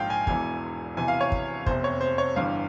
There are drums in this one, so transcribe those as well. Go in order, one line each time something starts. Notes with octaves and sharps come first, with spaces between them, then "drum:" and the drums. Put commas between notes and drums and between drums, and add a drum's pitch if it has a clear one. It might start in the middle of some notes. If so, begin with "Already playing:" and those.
Already playing: A#1 G#2 F3 F5 G5
G#5
E1 E2 E3 G#5, drum: kick
E1 E2 C3 E3 G#5
F5
C#5
drum: kick
F1 E2 C3 C5, drum: kick
C#5
C5
C#5
G1 G2 E3 F5